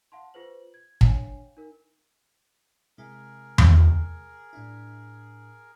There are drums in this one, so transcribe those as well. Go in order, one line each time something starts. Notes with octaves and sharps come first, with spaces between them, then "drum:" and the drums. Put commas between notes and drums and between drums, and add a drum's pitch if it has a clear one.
F5 F#5 A5 C6
F4 G#4 B4 C5 F#7
G#6
D4 C#5 F5 G5 G#5, drum: kick
D#4 A#4
C3 G#3 E4 G#4 A#4
drum: tom E2
A2 D4 E4